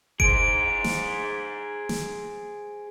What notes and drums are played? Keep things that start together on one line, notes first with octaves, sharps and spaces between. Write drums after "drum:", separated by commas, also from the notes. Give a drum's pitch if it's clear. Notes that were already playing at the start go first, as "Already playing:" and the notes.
G#4 C5 D7, drum: kick F#1
drum: snare
drum: snare